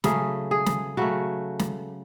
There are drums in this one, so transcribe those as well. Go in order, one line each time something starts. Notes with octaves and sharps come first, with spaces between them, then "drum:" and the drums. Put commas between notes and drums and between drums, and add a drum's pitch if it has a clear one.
C#3 F#3 A3 G#4, drum: snare
G#4
drum: snare
C#3 F#3 A3 F#4
drum: snare